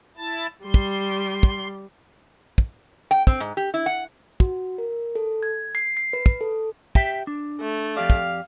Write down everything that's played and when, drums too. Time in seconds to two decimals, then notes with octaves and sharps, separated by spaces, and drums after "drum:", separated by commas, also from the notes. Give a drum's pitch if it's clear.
0.17 E4 A5 A6
0.64 G3 C6
0.74 drum: kick
1.43 drum: kick
2.58 drum: kick
3.11 G5
3.27 C4, drum: kick
3.40 G#2
3.57 G4
3.74 E4
3.86 F#5
4.40 F#4, drum: kick
4.78 A#4
5.15 A4
5.43 G#6
5.75 C7
5.97 C7
6.13 B4
6.26 drum: kick
6.41 A4
6.95 G4 E5 G5, drum: kick
7.27 D4
7.61 A3
7.97 F2 G4 D5 F5
8.10 drum: kick